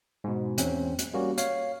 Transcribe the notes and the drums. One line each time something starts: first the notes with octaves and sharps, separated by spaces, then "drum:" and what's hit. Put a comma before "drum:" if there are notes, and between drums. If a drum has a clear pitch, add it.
G#2 B2
E2 C4 C#4, drum: hi-hat
drum: hi-hat
G3 A#3 C#4 F#4
C#5 F5, drum: hi-hat